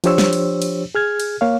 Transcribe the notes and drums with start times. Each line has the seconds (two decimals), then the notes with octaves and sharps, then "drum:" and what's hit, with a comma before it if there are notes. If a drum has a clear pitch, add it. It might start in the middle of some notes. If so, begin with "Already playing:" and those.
0.04 F3 D4 G4 C5 C#5 E6, drum: cymbal
0.18 drum: snare
0.33 drum: cymbal
0.62 drum: cymbal
0.95 G#4 F6 G#6
1.20 drum: cymbal
1.41 A#3 C#5 F5